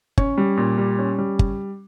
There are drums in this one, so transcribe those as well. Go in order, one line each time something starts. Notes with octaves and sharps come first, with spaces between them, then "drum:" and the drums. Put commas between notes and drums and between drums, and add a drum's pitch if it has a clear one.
C#4, drum: kick G1
G3
A#2
G3
C#4
G3
drum: kick G1